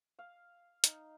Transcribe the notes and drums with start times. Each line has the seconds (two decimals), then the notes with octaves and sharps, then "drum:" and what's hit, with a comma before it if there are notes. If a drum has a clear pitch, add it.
0.19 F5
0.84 D#4, drum: hi-hat